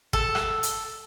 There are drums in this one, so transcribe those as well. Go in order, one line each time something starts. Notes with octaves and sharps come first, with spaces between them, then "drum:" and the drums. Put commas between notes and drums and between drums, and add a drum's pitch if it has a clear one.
A4, drum: kick
drum: rim click
drum: hi-hat